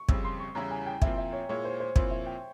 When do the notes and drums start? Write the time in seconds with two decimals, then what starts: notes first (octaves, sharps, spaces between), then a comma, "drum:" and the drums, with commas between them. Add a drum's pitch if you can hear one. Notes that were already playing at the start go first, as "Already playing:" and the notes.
Already playing: C#6
0.09 F2 C#3 G3 C4 E6, drum: kick
0.24 C6
0.40 C#6
0.55 E2 C#3 G3 C#4 E4 A#5
0.71 G#5
0.86 G5
1.02 A#2 F3 C4 E4 E5, drum: kick
1.18 E5
1.33 C#5
1.49 A#2 G#3 E4 C#5
1.65 C5
1.80 C5
1.96 A#2 F3 C4 E4, drum: kick
2.11 E5
2.26 G5